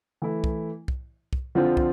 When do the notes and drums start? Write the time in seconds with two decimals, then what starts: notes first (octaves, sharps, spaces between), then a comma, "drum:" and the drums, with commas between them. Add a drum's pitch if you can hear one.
0.22 E3 A3 E4
0.44 drum: kick
0.88 drum: kick
1.33 drum: kick
1.55 D3 F3 C4 F4
1.77 drum: kick